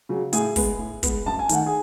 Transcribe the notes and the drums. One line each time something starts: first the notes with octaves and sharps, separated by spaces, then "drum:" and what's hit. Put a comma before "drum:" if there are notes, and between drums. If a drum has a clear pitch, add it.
C#3 F#3
A2 G#4 G#5, drum: hi-hat
G#3 B3, drum: kick, open hi-hat
A2
G#3 B3, drum: kick, hi-hat
F#2 A5
G#5
D#3 A3 F#5, drum: hi-hat
G#4 G#5